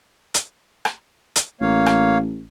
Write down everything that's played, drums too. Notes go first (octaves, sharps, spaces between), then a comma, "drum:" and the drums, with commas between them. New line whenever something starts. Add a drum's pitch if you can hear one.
drum: hi-hat
drum: rim click
drum: hi-hat
A1 A#3 C#5 F5
drum: rim click